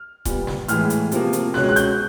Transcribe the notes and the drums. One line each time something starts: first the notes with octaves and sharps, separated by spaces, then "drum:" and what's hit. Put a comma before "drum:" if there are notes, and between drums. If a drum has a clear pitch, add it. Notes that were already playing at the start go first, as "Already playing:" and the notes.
Already playing: F6
A#2 G3 B3, drum: kick D#1, hi-hat
drum: snare
A2 E3 G#3 F6, drum: hi-hat
drum: hi-hat
C3 F3 A#3, drum: hi-hat
drum: hi-hat
B2 G#3 C#4 F#6, drum: snare
F#6
G6, drum: hi-hat